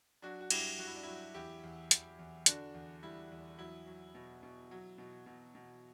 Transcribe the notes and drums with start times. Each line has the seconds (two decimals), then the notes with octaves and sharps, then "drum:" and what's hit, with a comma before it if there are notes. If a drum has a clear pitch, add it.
0.22 F#3 D4 F#4
0.41 F#4
0.50 G2 E4 G4, drum: cymbal
0.79 G2 F#4
0.87 E4
0.95 D4
1.03 F#3 E4
1.34 E2 E4 G4
1.63 E2
1.91 E2, drum: hi-hat
2.19 E2
2.46 D3 D4 F#4, drum: hi-hat
2.74 E2
3.03 G3 E4
3.31 E2
3.58 F#3 E4
3.86 F#3
4.15 B2
4.43 B2
4.71 F#3
4.98 B2
5.26 B2
5.55 B2